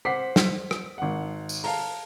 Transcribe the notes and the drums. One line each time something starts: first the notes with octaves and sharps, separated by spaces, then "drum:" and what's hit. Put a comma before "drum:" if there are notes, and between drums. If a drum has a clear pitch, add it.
C5 F#5 D6 B6 C7
drum: snare
drum: rim click
G#1 F#5
drum: tambourine
F5 A5 A#5, drum: open hi-hat